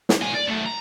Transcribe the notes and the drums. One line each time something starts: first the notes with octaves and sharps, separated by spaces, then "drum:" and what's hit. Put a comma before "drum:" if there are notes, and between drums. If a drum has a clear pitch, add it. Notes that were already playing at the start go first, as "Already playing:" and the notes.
drum: snare
A#2 G#5
D5
B1 A3
A#5